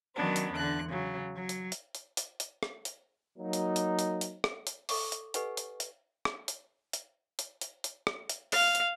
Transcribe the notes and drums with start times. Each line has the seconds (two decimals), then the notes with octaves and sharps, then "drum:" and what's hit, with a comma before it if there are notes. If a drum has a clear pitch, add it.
0.15 D#3 F#3 B3 C#4 D4
0.36 drum: hi-hat
0.53 E2 D3 F#6
0.88 C#3 F#3
1.35 F#3
1.49 drum: hi-hat
1.72 drum: hi-hat
1.95 drum: hi-hat
2.17 drum: hi-hat
2.40 drum: hi-hat
2.63 drum: rim click
2.85 drum: hi-hat
3.39 F#3 A#3 D#4
3.53 drum: hi-hat
3.76 drum: hi-hat
3.99 drum: hi-hat
4.21 drum: hi-hat
4.44 drum: rim click
4.67 drum: hi-hat
4.89 A4 C#6 D6, drum: open hi-hat
5.12 drum: hi-hat
5.34 G4 A4 B4 D#5 F#5 G#5, drum: hi-hat
5.57 drum: hi-hat
5.80 drum: hi-hat
6.25 drum: rim click
6.48 drum: hi-hat
6.93 drum: hi-hat
7.39 drum: hi-hat
7.61 drum: hi-hat
7.84 drum: hi-hat
8.07 drum: rim click
8.29 drum: hi-hat
8.52 F5, drum: open hi-hat
8.75 drum: hi-hat